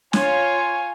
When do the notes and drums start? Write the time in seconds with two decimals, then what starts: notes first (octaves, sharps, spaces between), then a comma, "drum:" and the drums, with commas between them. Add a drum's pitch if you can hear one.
0.13 F4 C#5 G#5, drum: snare